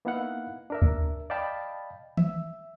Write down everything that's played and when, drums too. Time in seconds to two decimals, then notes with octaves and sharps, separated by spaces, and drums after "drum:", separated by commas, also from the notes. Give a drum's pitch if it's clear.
0.05 A#3 B3 D#4 E4 F5 F#5
0.70 D4 A#4 E5
0.82 drum: kick D2
1.30 D5 D#5 F5 G5 A5 B5
2.17 E5, drum: tom D#3